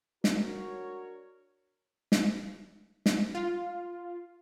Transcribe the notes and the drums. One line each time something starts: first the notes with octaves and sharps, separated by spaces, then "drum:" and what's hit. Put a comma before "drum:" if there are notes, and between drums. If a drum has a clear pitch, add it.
D4 F#4 A#4 C#5, drum: snare
drum: snare
drum: snare
F4